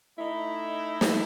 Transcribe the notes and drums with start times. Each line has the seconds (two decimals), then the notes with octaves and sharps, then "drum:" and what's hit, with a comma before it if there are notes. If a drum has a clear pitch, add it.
0.18 A3 D#4 E4
1.01 drum: snare